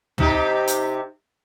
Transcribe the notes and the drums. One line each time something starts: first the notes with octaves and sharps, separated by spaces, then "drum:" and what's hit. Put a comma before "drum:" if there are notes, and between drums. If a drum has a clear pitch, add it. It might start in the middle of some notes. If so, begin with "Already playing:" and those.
C3 D#4 G4, drum: tom
drum: hi-hat